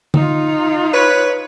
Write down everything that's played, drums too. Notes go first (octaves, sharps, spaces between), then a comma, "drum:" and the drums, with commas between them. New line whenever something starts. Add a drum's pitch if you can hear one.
D#4 F4, drum: tom
B4 C#5